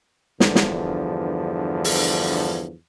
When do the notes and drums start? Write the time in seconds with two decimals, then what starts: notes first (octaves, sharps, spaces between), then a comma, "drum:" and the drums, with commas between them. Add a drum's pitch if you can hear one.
0.40 E2 G2 D3 F3, drum: snare
0.55 drum: snare
1.84 drum: open hi-hat